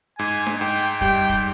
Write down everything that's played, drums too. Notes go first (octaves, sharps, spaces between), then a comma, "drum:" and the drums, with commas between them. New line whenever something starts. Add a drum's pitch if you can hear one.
G#2 G#5, drum: hi-hat
drum: snare D4
G#2 G5
drum: hi-hat
G3 G5, drum: kick
drum: kick, hi-hat